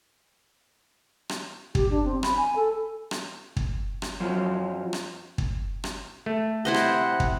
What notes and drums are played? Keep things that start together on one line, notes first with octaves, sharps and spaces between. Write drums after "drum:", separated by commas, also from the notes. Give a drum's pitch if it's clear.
drum: rim click
G4, drum: kick
D4
C4
B5, drum: rim click
G#5
A4
drum: rim click
drum: kick
drum: rim click
F#2 F3 F#3
drum: rim click
drum: kick
drum: rim click
A3
C3 E4 C5 D#5 F#5
drum: rim click
drum: kick